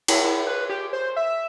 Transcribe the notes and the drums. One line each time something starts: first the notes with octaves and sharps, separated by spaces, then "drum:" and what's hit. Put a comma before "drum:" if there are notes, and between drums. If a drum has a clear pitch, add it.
E4, drum: cymbal
E4
B4
G4
C5
E5